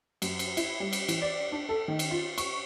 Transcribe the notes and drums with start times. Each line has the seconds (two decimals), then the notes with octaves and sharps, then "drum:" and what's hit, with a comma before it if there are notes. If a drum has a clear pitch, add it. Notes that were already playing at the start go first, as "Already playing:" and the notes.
0.22 F#2, drum: cymbal
0.39 drum: cymbal
0.57 E4, drum: cymbal
0.80 G3
0.93 drum: cymbal
1.08 E3, drum: cymbal
1.22 D5
1.52 D4
1.69 A4
1.88 D#3
1.99 drum: cymbal
2.11 F4
2.38 C#6, drum: cymbal